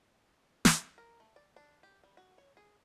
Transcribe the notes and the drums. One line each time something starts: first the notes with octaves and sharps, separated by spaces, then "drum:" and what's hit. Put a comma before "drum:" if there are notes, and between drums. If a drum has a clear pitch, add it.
E5, drum: snare
A#4
A3
D5
D4
G4
G3
F#4
C#5
G#4